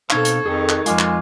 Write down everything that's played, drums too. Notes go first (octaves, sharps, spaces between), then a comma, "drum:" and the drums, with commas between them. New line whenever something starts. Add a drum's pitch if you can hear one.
B2 C4 D#4 A4 F5 C#6 G#6, drum: clap
drum: hi-hat
F2 D#3 G#4 A4
drum: clap
F2 G#3 F4 G#5 D6 F6, drum: hi-hat
drum: clap